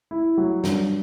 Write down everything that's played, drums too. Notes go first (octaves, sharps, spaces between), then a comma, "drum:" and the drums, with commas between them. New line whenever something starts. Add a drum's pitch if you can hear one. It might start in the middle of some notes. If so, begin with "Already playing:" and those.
E4
F#3
G2, drum: snare